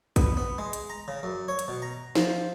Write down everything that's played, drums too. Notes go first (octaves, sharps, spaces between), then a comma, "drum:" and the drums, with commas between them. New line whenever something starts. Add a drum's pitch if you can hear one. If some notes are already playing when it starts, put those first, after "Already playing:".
B3, drum: kick A#1, hi-hat
B3
G#3
drum: hi-hat
A#5
C#3
F#2
C#5
drum: hi-hat
B2
A#5
F3, drum: snare